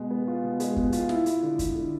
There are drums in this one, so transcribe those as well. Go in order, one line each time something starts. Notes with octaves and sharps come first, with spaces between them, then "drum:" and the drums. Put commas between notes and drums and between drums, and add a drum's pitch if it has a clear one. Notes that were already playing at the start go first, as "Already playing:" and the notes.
Already playing: B2 G#3
B3
F4
B2
G#3, drum: hi-hat
B2, drum: kick
F4, drum: hi-hat
E4, drum: snare
E4, drum: hi-hat
D3
D3, drum: kick, hi-hat
D3